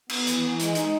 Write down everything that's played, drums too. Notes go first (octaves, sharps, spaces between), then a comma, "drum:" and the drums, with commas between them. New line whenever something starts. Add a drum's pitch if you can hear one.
B3, drum: cymbal
E3, drum: hi-hat
E3
G#3, drum: hi-hat
D#4, drum: hi-hat